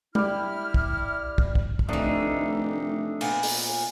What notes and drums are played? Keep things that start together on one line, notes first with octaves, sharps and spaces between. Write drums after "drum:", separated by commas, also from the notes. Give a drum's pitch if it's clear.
G3 E4 G4 F6, drum: tom G#3
drum: kick
drum: kick
drum: kick
drum: kick
F1 D#3 E3 A3 D4 D#4
A#2 B3, drum: cymbal
drum: open hi-hat